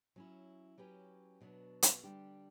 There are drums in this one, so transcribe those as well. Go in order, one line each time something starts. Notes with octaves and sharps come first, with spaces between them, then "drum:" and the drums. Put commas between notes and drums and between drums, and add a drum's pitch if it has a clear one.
F#3 C#4 E4
F#3 C#4 G4 B4
B2 F#3 B3 D4
drum: hi-hat
D3 G3 D4 G4